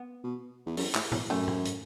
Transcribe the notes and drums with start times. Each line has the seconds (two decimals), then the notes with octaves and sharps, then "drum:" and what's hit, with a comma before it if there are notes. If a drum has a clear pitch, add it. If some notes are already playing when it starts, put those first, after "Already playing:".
Already playing: B3
0.24 B2
0.66 E2
0.77 F#2, drum: open hi-hat
0.95 A2, drum: clap
1.12 E2, drum: tom G#2
1.30 F#2 A3 C#4
1.48 drum: tom G2
1.65 drum: hi-hat